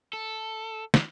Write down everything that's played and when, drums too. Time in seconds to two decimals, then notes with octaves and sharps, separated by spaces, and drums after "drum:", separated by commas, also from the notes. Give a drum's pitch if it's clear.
0.13 A4
0.94 drum: snare